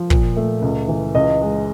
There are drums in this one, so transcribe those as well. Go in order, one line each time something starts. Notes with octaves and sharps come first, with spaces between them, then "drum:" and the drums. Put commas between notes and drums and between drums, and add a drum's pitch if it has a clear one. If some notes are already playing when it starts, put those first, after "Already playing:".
Already playing: F3
A#2, drum: kick
A3
C#2
E3
C#2 D#5
G#3